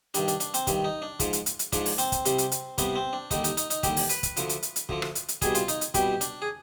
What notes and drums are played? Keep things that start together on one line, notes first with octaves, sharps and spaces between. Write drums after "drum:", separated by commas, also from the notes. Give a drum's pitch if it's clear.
G2 D#3 G3 D4, drum: hi-hat
D4, drum: hi-hat
D4, drum: hi-hat
C4, drum: hi-hat
G2 D#3 G3, drum: kick, hi-hat
D#4
D4
G#2 F3, drum: kick, hi-hat
drum: hi-hat
drum: hi-hat
drum: hi-hat
G#2 F3 D4, drum: kick, hi-hat
drum: open hi-hat
C4, drum: hi-hat
drum: kick, hi-hat
C2 C3 G3, drum: hi-hat
drum: hi-hat
drum: hi-hat
C2 C3 G3 B3, drum: kick, hi-hat
C4
D4
D#2 D3 G3 D#4, drum: kick, hi-hat
D#4, drum: hi-hat
D#4, drum: hi-hat
D#4, drum: hi-hat
D#2 D3 G3 G4, drum: kick, hi-hat
drum: open hi-hat
B4, drum: hi-hat
drum: kick, hi-hat
D2 D3 F3, drum: hi-hat
drum: hi-hat
drum: hi-hat
drum: hi-hat
D2 D3 F3, drum: kick
drum: rim click
drum: hi-hat
drum: hi-hat
C2 B2 G3 G#4, drum: kick, hi-hat
F4, drum: hi-hat
D#4, drum: hi-hat
drum: hi-hat
C2 B2 G3 G4, drum: kick, hi-hat
D4, drum: hi-hat
G#4